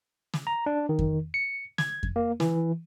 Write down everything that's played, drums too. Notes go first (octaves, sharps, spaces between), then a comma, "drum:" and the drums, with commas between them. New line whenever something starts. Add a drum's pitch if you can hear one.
drum: snare
A#5
D4
D#3
drum: kick F2
C#7
G#6, drum: snare
drum: kick F2
A#3
E3, drum: snare